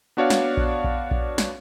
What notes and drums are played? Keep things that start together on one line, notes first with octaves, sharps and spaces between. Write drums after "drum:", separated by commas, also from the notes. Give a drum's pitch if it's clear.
B3 D4 F#4 C#5 D5 F5
drum: snare
drum: kick A#1
drum: kick A#1
drum: kick A#1
drum: snare